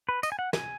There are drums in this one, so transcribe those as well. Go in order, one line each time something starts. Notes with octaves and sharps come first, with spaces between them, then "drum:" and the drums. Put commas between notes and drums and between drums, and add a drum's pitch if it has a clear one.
B4
D#5, drum: tambourine
G#5
F#5
G#5, drum: snare